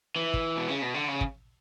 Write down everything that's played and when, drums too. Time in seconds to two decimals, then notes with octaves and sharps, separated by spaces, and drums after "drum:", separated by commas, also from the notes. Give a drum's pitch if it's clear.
0.16 E3
0.34 drum: kick
0.57 B2
0.68 C#3
0.82 B2
0.94 D3
1.08 C#3
1.21 drum: kick